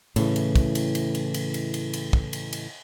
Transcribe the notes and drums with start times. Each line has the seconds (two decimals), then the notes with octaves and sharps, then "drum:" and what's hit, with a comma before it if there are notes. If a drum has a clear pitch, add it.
0.16 A2 C#3 E3, drum: cymbal
0.36 drum: cymbal
0.55 drum: kick, cymbal
0.75 drum: cymbal
0.95 drum: cymbal
1.15 drum: cymbal
1.34 drum: cymbal
1.54 drum: cymbal
1.74 drum: cymbal
1.93 drum: cymbal
2.13 drum: kick
2.33 drum: cymbal
2.53 drum: cymbal